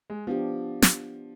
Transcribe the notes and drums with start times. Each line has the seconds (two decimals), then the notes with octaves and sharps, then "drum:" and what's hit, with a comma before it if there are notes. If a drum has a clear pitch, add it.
0.10 G#3
0.27 F3 B3 D4 G4
0.82 drum: snare